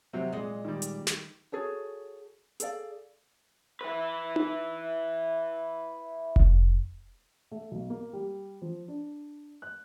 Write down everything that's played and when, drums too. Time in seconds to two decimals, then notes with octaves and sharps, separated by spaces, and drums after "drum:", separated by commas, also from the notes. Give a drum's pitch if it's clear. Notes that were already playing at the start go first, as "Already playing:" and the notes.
0.13 C3 F#3 C4
0.32 A#2 G#3 D#5
0.64 D#3 G3
0.82 drum: hi-hat
1.07 drum: snare
1.52 F#4 G#4 A4 C#5
2.60 G#4 A4 D5 F5, drum: hi-hat
3.81 E4 B4
4.36 drum: tom D#4
6.36 drum: kick F1
7.51 A3
7.71 B1
7.90 A#3
8.13 G3
8.62 F3
8.88 D4
9.62 F#6